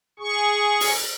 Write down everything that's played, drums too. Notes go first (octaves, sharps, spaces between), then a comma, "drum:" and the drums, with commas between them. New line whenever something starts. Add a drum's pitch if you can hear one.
G#4 C#6
drum: open hi-hat